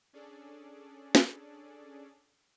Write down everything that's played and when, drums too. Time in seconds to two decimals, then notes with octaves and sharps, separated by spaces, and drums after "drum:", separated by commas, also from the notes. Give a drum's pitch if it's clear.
0.13 C#4 D4 G#4 A4 D5
1.15 drum: snare